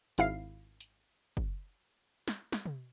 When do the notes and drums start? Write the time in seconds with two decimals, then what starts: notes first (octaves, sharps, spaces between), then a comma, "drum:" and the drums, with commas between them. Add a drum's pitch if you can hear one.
0.18 G#1 E4 F5 C7, drum: hi-hat
0.80 drum: hi-hat
1.37 drum: kick F#1
2.28 drum: snare
2.52 drum: snare
2.66 drum: tom